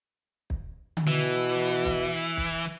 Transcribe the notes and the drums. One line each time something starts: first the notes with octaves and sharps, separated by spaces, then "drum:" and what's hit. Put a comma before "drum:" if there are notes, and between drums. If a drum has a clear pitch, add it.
drum: kick
drum: tom D3
B2 E3
drum: kick
drum: kick